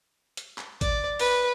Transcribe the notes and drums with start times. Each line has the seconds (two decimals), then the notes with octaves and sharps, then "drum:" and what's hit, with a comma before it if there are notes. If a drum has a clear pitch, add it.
0.37 drum: hi-hat
0.58 drum: clap
0.81 D5, drum: kick G#1, hi-hat
1.19 B4, drum: open hi-hat